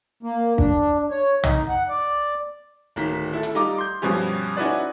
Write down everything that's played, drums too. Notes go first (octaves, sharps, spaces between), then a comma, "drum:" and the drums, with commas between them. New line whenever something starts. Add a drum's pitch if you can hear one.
A#3
D4, drum: kick
C#5
D#4, drum: tom
F#5
D5
D1 D#3 A#5 B6
E4 A4
drum: hi-hat
G3 D#4 F4 A#5 D6
C6 G6
G2 B2 F3 C#4 G4
C#4 D#4 E4 F#4 B4 D5